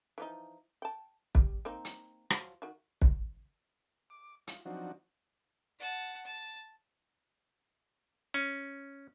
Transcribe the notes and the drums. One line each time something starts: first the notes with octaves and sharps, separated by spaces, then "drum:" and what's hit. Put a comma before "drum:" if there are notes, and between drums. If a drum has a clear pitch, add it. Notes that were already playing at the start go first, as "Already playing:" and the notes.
E3 F3 D#4
G5 A5
G3, drum: kick
A#3 C4 D#4
drum: hi-hat
F3 F#3 F4, drum: rim click
D#3 F#4
drum: kick
D6
F4, drum: hi-hat
F3 F#3 C4 D4 D#4 F#4
F#5 A5
A5
C#4